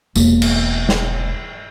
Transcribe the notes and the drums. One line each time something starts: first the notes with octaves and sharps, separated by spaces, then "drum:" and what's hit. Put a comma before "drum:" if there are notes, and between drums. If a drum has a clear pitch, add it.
E1 A#3, drum: tambourine
drum: cymbal
drum: snare